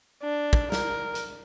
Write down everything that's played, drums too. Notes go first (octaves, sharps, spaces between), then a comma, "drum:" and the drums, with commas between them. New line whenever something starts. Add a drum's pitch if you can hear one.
D4
drum: kick
A#4, drum: snare
drum: hi-hat